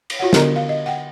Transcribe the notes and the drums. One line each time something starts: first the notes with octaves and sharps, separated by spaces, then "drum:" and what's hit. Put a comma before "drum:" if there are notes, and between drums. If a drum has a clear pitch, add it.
drum: cymbal
F4 F#4 C#5 F#5
D3 B3 G4 A#4 D#5 A#5, drum: snare
F5
D#5
F#5 G5